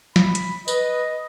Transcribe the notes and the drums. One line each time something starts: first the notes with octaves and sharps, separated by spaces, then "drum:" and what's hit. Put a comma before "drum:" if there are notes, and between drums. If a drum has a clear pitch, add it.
B5, drum: snare
drum: hi-hat
B4 D#5, drum: tambourine